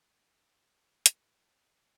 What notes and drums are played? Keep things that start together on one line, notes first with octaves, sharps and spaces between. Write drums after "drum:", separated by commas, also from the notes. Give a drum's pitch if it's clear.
G4
drum: hi-hat